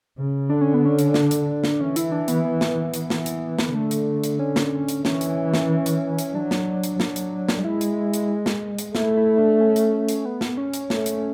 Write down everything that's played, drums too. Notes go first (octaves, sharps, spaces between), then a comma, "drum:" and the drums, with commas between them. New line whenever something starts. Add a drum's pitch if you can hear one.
C#3
D3 D4
C#4
B3
C#4
drum: hi-hat
D4, drum: snare
drum: hi-hat
drum: snare
E3 C#4
E4, drum: hi-hat
D4
B3, drum: hi-hat
B3
drum: snare
drum: hi-hat
E3, drum: snare
drum: hi-hat
drum: snare
D3 A3
drum: hi-hat
drum: hi-hat
C#4
drum: snare
drum: hi-hat
E3 C#4, drum: snare
drum: hi-hat
drum: snare
drum: hi-hat
drum: hi-hat
F#3 D4
drum: snare
drum: hi-hat
F#3, drum: snare
drum: hi-hat
drum: snare
G#3 E4
drum: hi-hat
drum: hi-hat
drum: snare
drum: hi-hat
A3 E4, drum: snare
E4
D4
C#4
drum: hi-hat
drum: hi-hat
B3
drum: snare
C#4
drum: hi-hat
A3, drum: snare
drum: hi-hat